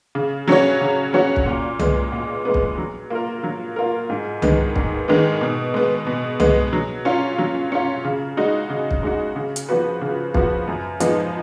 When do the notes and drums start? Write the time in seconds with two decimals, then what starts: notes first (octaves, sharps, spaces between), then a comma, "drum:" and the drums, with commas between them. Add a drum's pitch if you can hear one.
0.15 C#3
0.48 F#3 C#4 F#4 C#5
0.81 C#3
1.13 F#3 C#4 F#4 C#5
1.36 drum: kick
1.46 A#2
1.79 G#3 B3, drum: tom C2
2.12 A#2
2.45 G#3 B3
2.54 drum: kick
2.78 F#3
3.10 A#3 F4 A#4
3.43 F#3
3.76 A#3 F4 A#4
4.09 G#2
4.42 D#3 G#3 B3, drum: tom C2
4.76 G#2, drum: kick
5.08 D#3 G#3 B3
5.41 B2
5.74 G#3 B3
6.07 B2
6.40 G#3 B3, drum: tom C2
6.73 F#3
7.05 C#4 F4
7.38 F#3
7.72 C#4 F4
8.05 C#3
8.37 G#3 D#4 F#4
8.70 C#3
8.91 drum: kick
9.03 G#3 D#4 F#4
9.36 C#3
9.56 drum: hi-hat
9.68 F3 B3 F#4 B4
10.01 C#3
10.34 F3 B3 F#4 B4, drum: kick
10.67 F#2
11.00 F3 G#3 B3 D#4, drum: hi-hat